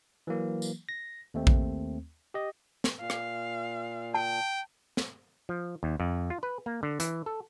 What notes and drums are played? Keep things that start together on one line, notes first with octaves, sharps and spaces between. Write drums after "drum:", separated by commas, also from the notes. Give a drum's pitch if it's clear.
E3 F#3 A#3
drum: tambourine
A#6
D#2 A3 C4
drum: kick A#1
G4 D#5
drum: snare
A#2 F5
drum: rim click
G5 A5
drum: snare
F3
D#2
F2
F4
B4
A#3
D3
E3, drum: hi-hat
A4